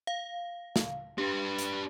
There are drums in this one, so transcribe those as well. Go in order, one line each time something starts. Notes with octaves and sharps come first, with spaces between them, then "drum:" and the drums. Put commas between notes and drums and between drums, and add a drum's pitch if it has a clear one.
F5
drum: snare
D4 G4 B4
drum: hi-hat